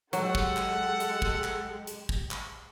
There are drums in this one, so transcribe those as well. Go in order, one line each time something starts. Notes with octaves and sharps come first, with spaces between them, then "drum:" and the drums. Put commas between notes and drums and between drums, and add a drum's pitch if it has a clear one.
F#3 G#3 G4 A4 F#5, drum: hi-hat
drum: kick
drum: clap
drum: hi-hat
drum: kick
drum: clap
drum: hi-hat
drum: kick
drum: clap